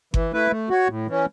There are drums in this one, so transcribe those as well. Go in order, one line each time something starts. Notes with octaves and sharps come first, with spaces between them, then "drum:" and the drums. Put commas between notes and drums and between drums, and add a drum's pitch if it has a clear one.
E3, drum: kick G1
A3 E4 B4
A3
F#4 C#5
A2
E3 C#4